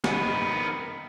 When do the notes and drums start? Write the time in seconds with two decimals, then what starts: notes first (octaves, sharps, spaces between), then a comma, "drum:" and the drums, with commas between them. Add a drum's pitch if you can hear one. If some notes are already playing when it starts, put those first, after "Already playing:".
0.04 D#3 B3, drum: snare